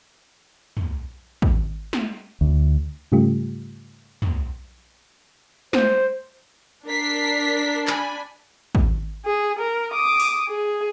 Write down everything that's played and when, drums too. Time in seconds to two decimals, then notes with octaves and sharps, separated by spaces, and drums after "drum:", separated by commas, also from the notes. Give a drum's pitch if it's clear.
0.77 drum: tom
1.42 drum: kick
1.93 drum: snare
2.41 D2
3.12 G#2 C#3 G3 A3 F4 G4
4.22 drum: tom
5.73 C5, drum: snare
6.87 D4 A#4 B6 C7
7.87 G#5 B5, drum: clap
8.75 drum: kick
9.25 G#4
9.59 A#4
9.92 D6 D#6
10.20 drum: open hi-hat
10.48 G#4